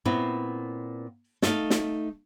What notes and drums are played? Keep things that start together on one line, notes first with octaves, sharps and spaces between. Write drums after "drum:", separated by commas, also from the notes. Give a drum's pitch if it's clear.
A#2 B3 C4 E4
A3 D#4 F5, drum: snare
drum: snare